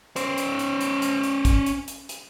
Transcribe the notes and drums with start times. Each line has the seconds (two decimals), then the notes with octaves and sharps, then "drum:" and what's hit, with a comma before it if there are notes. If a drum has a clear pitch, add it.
0.16 C#4 C5, drum: hi-hat
0.38 drum: hi-hat
0.59 drum: hi-hat
0.81 drum: hi-hat
1.02 drum: hi-hat
1.23 drum: hi-hat
1.45 drum: kick, hi-hat
1.66 drum: hi-hat
1.88 drum: hi-hat
2.09 drum: hi-hat